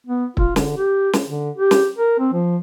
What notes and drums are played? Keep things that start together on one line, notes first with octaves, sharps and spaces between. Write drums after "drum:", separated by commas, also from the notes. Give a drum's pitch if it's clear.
B3
F4, drum: kick
D3, drum: snare
G4
drum: snare
D3
G4
drum: snare
A#4
C4
F3